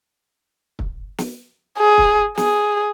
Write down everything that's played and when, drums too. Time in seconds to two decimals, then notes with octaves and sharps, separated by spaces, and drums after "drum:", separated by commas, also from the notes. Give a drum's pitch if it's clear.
0.79 drum: kick
1.18 drum: snare
1.78 G#4
1.98 drum: kick
2.37 G#4, drum: snare